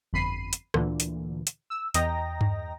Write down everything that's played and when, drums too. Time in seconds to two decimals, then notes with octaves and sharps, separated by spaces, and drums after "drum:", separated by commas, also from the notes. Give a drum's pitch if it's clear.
0.13 G1 F2 B5 C7 D#7
0.53 drum: hi-hat
0.74 D2 A#2 D3 E3, drum: rim click
1.00 drum: hi-hat
1.47 drum: hi-hat
1.70 E6
1.94 E2 D#5 G5 A#5 A#6, drum: hi-hat
2.41 drum: tom G2